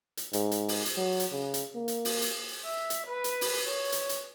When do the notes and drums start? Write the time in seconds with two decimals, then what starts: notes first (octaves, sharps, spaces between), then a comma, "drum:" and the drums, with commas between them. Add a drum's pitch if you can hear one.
0.17 drum: hi-hat
0.33 G#2, drum: hi-hat
0.51 drum: hi-hat
0.69 drum: open hi-hat
0.86 drum: hi-hat
0.97 F#3
1.20 drum: hi-hat
1.32 C#3
1.54 drum: hi-hat
1.75 A#3
1.88 drum: hi-hat
2.05 drum: open hi-hat
2.22 drum: hi-hat
2.65 E5
2.90 drum: hi-hat
3.07 B4
3.24 drum: hi-hat
3.41 drum: open hi-hat
3.65 C#5
3.92 drum: hi-hat
4.09 drum: hi-hat